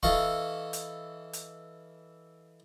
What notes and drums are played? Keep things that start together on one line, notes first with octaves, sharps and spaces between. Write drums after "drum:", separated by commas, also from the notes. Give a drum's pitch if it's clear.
E3 A4 D#5 F5 C#6, drum: kick
drum: hi-hat
drum: hi-hat